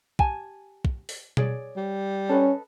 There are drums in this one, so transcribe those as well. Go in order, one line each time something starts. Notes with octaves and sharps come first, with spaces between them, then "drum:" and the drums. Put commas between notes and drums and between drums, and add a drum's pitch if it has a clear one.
G4 G#5 A5, drum: kick
drum: kick
drum: open hi-hat
G#4 C#5 D5, drum: tom B2
G3
C#4 A4 B4 D#5